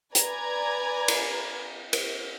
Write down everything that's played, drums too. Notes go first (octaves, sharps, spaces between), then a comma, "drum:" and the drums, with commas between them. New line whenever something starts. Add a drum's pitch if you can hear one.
B4 D5 G#5 A#5 G#6, drum: hi-hat
drum: cymbal
drum: cymbal